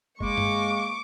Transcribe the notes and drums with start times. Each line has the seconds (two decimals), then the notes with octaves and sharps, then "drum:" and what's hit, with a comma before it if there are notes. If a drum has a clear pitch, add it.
0.20 G#3 A#3 C#6 D6, drum: kick F#1
0.38 drum: tom G2